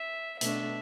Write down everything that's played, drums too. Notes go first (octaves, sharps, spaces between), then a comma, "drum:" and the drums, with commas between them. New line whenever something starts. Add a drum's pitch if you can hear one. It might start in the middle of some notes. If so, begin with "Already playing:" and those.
Already playing: E5
B2 A3 D4 E5, drum: hi-hat